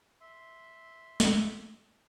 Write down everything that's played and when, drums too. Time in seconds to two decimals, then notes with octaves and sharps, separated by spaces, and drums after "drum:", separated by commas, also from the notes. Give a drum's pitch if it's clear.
0.21 E5 C6
1.20 drum: snare